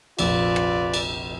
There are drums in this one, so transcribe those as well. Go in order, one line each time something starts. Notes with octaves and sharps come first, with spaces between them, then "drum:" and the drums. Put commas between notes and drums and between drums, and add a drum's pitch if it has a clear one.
F1 A#1 F4 B4 D5, drum: cymbal
drum: rim click
drum: cymbal